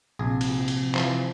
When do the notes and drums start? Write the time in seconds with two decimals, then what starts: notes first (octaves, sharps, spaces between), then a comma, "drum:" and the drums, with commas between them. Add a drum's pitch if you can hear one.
0.19 A#1 C3 G#4
0.41 drum: cymbal
0.68 drum: cymbal
0.95 E3 F3, drum: clap